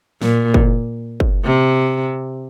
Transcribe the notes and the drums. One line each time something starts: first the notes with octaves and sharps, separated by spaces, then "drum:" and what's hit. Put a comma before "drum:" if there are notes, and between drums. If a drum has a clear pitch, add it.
A#2, drum: snare
drum: kick
drum: kick
C3